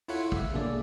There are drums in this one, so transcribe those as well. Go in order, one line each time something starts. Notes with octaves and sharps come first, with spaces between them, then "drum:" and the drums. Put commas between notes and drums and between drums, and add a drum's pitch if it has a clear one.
E4 F4 A4 C#5 F#5, drum: open hi-hat
E5, drum: kick
B2 D3 A#3 G#4 A4 D5